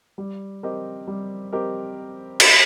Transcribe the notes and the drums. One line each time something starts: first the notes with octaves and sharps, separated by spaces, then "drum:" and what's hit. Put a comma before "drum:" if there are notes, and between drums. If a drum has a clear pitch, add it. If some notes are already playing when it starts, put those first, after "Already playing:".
G3
C4 G4 A#4 D#5
G3
C4 G4 A#4 D#5
drum: cymbal